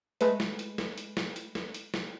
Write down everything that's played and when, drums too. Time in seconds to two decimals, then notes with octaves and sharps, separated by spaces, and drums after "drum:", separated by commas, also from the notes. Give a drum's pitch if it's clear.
0.21 G#3 A3 B4, drum: hi-hat
0.40 drum: snare
0.59 drum: hi-hat
0.78 drum: snare
0.98 drum: hi-hat
1.17 drum: snare
1.36 drum: hi-hat
1.55 drum: snare
1.74 drum: hi-hat
1.94 drum: snare